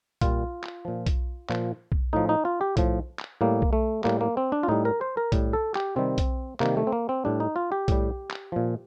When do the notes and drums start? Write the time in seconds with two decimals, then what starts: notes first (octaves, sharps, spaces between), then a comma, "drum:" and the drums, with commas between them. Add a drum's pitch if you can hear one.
0.21 A#2 G3 F4, drum: kick B1, hi-hat
0.64 drum: clap
0.85 A#2 F3
1.06 drum: kick B1, hi-hat
1.50 A#2 F3, drum: clap
1.92 drum: kick B1
2.13 A2 F3 D#4
2.29 D#4
2.45 F4
2.61 G4
2.77 A2 F3, drum: kick B1, hi-hat
3.20 drum: clap
3.41 A2 G3 A#3
3.62 drum: kick B1
3.73 A3
4.04 A2 G3 A#3, drum: clap
4.21 A#3
4.37 C4
4.52 D4
4.63 F4
4.68 A2 G3 D#4
4.85 A#4
5.01 C5
5.17 A#4
5.32 A2 G3, drum: kick B1, hi-hat
5.53 A4
5.75 G4, drum: clap
5.96 C3 D#3 G3 C4
6.18 drum: kick B1, hi-hat
6.60 C3 D#3 G3 A#3, drum: clap
6.77 A3
6.87 C4
6.92 A#3
7.09 C4
7.25 A2 G3 D4
7.40 D#4
7.56 F4
7.72 G4
7.88 A2 G3, drum: kick B1, hi-hat
8.31 drum: clap
8.52 A#2 F3